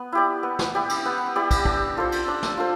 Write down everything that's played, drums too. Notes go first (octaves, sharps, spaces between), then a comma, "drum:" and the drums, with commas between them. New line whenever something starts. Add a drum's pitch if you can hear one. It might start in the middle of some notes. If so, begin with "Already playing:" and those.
Already playing: B3
E4 G4 D5
B3
drum: snare
E4 G4 D5
drum: cymbal
B3
E4 G4 D5
drum: kick, cymbal
D4, drum: kick
F4 A4 C5
drum: cymbal
D4
drum: snare
F4 A4 C5